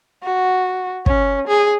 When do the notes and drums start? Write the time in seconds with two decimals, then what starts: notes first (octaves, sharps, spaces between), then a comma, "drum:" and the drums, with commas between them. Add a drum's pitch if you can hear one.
0.23 F#4
1.06 C#4, drum: kick
1.47 G#4